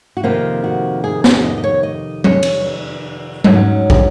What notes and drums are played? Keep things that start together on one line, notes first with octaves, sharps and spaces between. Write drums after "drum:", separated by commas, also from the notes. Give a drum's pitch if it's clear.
F#4
F2 C3 D#3 A#3 F4
F#4
G#4
G#4, drum: snare
D#5
D#5
C#5
D#5
C#5, drum: tom F#3
drum: cymbal
G#2 F#3 C#4, drum: tom F#3
drum: kick